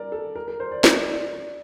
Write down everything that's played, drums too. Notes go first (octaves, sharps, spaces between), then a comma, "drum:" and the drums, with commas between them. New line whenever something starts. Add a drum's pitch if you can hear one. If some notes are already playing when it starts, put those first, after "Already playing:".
Already playing: A#4 D5
A4
A#4
A#4
C5
D5
D5, drum: snare
D5
D5